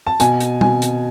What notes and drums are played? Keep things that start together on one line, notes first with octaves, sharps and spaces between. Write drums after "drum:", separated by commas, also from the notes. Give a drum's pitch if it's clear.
A5
B2 G#5, drum: hi-hat
drum: hi-hat
B2 G#5, drum: tom
drum: hi-hat